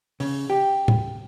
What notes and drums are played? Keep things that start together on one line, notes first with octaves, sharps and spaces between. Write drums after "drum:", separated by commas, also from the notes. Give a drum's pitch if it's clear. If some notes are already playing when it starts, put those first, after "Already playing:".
C#3, drum: open hi-hat
G4
drum: tom A2